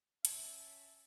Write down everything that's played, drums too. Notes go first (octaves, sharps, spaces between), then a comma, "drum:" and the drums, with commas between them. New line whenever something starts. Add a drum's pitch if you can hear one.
C#4 E5 A5 G#6, drum: hi-hat